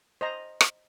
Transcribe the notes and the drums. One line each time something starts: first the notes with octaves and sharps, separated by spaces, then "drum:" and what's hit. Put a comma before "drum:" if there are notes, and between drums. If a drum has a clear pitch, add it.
C5 D#5 A#5
drum: rim click